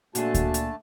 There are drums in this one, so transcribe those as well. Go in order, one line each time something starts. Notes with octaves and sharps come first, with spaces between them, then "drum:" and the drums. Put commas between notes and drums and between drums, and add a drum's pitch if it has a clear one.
A#2 D3 A3 D4 F#4 G#4 A5, drum: hi-hat
drum: kick D2, hi-hat
drum: hi-hat